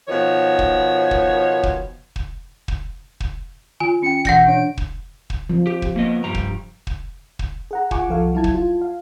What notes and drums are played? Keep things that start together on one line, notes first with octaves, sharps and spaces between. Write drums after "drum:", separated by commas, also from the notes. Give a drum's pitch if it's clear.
B2 D#3 F3 C#5
drum: kick
drum: kick
drum: kick
drum: kick
drum: kick
drum: kick
D#3 F4 G#5
C#4 G5 C#7
B2 E3 F#5 G6 A#6 C#7, drum: kick
D4 C#5 G6 D7
drum: kick
drum: kick
F3
G4
drum: kick
A#3 B3 D#5
G2 G3 A#5
drum: kick
drum: kick
drum: kick
G#4 F#5 A#5
F4 F#5 G#5 C#6 D6, drum: kick
C2 F3 A4 F5
F#3 E4 A5 G#6
drum: kick
F4
F5